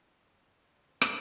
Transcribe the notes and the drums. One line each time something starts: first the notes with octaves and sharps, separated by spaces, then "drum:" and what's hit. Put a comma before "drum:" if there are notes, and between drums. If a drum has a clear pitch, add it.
F#2 E3
E2 G#2 C#3 C5 D5
drum: rim click